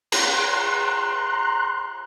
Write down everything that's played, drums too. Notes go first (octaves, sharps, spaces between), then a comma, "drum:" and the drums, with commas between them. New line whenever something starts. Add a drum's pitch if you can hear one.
A#5 C6 F#6, drum: cymbal